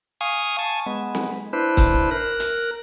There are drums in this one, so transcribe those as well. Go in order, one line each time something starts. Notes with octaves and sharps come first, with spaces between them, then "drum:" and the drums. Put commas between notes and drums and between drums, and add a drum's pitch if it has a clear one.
F5 G#5 C#6 D#6
G#5 A5 C#6
G#3 B3
drum: snare
D4 E4 B4 C5
drum: kick C#1, hi-hat
A#4 F#6
drum: hi-hat